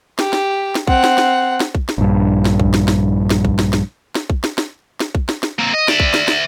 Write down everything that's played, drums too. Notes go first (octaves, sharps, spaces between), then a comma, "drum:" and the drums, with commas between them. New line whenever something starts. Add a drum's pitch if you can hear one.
G4, drum: snare
drum: snare
drum: snare
C4 F#5, drum: kick
drum: snare
drum: snare
drum: snare
drum: kick
drum: snare
A#1 G2
drum: snare
drum: kick
drum: snare
drum: snare
drum: snare
drum: kick
drum: snare
drum: snare
drum: snare
drum: kick
drum: snare
drum: snare
drum: snare
drum: kick
drum: snare
drum: snare
A#3 C4
D#5
D5 E5, drum: snare
drum: kick
drum: snare
drum: snare